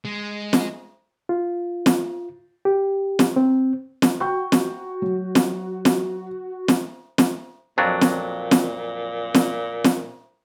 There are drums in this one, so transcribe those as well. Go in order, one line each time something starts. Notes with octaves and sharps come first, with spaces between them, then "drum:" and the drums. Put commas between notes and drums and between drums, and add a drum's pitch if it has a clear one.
G#3
drum: snare
F4
drum: snare
G4
drum: snare
C4
drum: snare
F#4 G5 C#6 G6
drum: snare
F#3
drum: snare
drum: snare
drum: snare
drum: snare
F2 A#2 F#3 D4
drum: snare
drum: snare
drum: snare
drum: snare